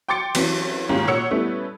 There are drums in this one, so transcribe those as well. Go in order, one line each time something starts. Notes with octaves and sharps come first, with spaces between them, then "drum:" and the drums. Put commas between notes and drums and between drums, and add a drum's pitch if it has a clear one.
G5 C6 D6 A6 C#7
E3 F#3 C4 C#4, drum: cymbal
G#2 D#3 A#3 C#4 F4 G4
A#2 C#5 F#5 E6 C#7
G3 A3 B3 C#4 E4